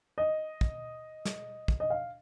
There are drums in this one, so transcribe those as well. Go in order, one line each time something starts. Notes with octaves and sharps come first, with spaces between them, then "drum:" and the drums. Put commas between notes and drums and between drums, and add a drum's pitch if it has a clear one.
D#5
drum: kick
drum: snare
drum: kick
D#5
F5